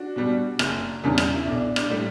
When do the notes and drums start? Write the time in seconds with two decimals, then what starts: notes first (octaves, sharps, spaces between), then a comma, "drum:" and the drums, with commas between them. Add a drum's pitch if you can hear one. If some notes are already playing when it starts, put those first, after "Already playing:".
Already playing: D4 F#4
0.16 B2 G3
0.59 F#1, drum: rim click
1.03 E2 C#3 G3
1.18 drum: rim click
1.35 E4
1.46 B1 D4
1.76 D4, drum: rim click
1.90 A2 G3